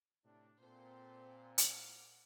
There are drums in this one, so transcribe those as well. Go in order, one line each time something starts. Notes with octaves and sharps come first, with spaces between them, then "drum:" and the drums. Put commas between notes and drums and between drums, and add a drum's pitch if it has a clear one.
A2 C3 D4
A#2 C4 A4 C5
F#5 D6 F6, drum: hi-hat